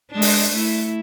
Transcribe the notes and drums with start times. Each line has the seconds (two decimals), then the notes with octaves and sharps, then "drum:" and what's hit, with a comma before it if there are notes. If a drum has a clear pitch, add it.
0.12 G#3 D4
0.22 drum: open hi-hat
0.53 A3 E4